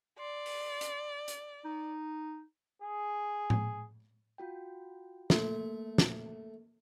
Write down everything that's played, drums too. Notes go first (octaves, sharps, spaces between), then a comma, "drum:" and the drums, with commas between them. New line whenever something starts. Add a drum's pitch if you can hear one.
D5 C6
drum: open hi-hat
drum: hi-hat
drum: hi-hat
D#4
G#4
drum: tom A2
F4 F#4 G5
A3 A#3, drum: snare
drum: snare